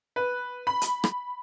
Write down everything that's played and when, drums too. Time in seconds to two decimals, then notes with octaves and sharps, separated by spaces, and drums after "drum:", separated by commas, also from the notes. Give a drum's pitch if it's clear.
0.16 B4
0.67 B5
0.81 drum: hi-hat
1.04 drum: rim click